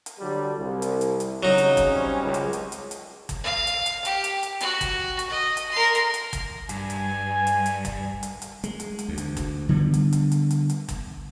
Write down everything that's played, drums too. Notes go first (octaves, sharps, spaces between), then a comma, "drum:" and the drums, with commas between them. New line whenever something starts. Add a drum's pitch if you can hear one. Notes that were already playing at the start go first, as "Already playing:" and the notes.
drum: hi-hat
D3 F#3 G3
C2
drum: hi-hat
drum: hi-hat
drum: hi-hat
C#3 F#3 D#4
drum: hi-hat
drum: kick G1, hi-hat
G3 C4 C#4
C#2
drum: hi-hat
drum: hi-hat
drum: hi-hat
drum: hi-hat
drum: kick G1, hi-hat
F5
drum: hi-hat
drum: hi-hat
G4, drum: hi-hat
drum: hi-hat
drum: hi-hat
F#4, drum: hi-hat
drum: kick G1, hi-hat
drum: hi-hat
D#5
drum: hi-hat
A#4 C6
drum: hi-hat
drum: hi-hat
drum: kick G1, hi-hat
G2 G#5, drum: hi-hat
drum: hi-hat
drum: hi-hat
drum: hi-hat
drum: kick G1, hi-hat
drum: hi-hat
drum: hi-hat
G#3, drum: hi-hat
drum: hi-hat
drum: hi-hat
D2
drum: hi-hat
drum: kick G1, hi-hat
D3 G3 B3
drum: hi-hat
drum: hi-hat
drum: hi-hat
drum: hi-hat
drum: hi-hat
drum: kick G1, hi-hat